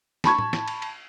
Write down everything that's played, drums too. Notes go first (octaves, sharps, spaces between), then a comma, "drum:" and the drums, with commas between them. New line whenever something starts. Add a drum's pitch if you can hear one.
A5 B5 C#6 G#6, drum: snare
drum: tom A2
drum: snare
drum: cymbal
drum: cymbal